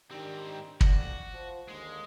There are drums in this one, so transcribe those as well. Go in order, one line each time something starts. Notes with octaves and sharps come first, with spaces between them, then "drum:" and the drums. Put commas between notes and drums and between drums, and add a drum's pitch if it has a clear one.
G#2 D#3 C4 D4 G4
F2 F#4 D5, drum: kick
F3
D#2 D3 G#3 A#3